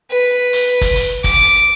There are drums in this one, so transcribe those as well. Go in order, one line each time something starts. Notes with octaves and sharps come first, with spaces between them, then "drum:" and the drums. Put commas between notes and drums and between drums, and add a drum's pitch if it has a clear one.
B4
drum: hi-hat
drum: kick, hi-hat
drum: hi-hat
D6, drum: kick, open hi-hat